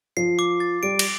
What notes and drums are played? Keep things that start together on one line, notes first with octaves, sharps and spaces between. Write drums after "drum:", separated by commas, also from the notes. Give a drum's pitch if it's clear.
F3 C7
D6
A6
G3 D7
drum: cymbal